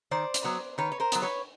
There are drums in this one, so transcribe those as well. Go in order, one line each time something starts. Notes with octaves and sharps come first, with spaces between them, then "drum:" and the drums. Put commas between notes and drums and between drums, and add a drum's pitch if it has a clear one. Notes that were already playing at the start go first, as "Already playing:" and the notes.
D#3 C5 D5
drum: hi-hat
F#3 B3
D#3 B4 C#5
C#5
A#4 C5
F#3 B3, drum: hi-hat
B4 C#5